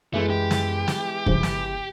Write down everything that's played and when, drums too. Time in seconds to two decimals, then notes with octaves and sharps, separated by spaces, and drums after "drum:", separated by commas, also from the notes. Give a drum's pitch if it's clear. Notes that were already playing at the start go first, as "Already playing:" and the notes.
0.14 F#2 E3 G#3 A3 E4
0.30 G4
0.51 drum: snare
0.88 drum: snare
1.26 G1 G2 C#3 F3, drum: kick
1.43 drum: snare